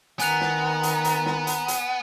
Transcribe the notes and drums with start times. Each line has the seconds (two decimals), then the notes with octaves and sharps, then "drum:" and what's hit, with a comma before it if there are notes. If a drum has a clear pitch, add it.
0.20 D#3 B3 G#5 A#5 F#6 F7, drum: hi-hat
0.41 drum: snare
0.83 drum: hi-hat
1.05 drum: hi-hat
1.26 drum: snare
1.47 drum: hi-hat
1.68 drum: hi-hat